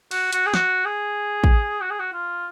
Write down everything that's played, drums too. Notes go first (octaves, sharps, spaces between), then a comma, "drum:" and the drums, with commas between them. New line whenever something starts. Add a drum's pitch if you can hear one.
F#4, drum: cymbal
F#4, drum: hi-hat
G#4
F#4, drum: snare
G#4
drum: kick
F#4
G#4
F#4
F4